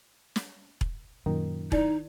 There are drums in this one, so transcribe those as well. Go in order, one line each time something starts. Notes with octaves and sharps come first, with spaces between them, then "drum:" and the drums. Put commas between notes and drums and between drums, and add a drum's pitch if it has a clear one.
drum: snare
drum: kick E1
F#2 A#2 D#3
D#4 E4 D5, drum: kick E1